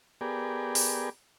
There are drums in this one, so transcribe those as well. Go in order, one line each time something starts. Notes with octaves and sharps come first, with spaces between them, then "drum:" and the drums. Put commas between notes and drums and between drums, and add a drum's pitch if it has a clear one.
B3 G4 G#4 A#4 D5
drum: open hi-hat